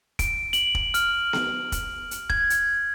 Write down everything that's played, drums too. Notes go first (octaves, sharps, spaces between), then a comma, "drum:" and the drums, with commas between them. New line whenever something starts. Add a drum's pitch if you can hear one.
D7, drum: kick, hi-hat
F#7, drum: hi-hat
drum: kick
F6, drum: hi-hat
drum: snare B3
drum: kick, hi-hat
drum: hi-hat
G#6, drum: kick
drum: hi-hat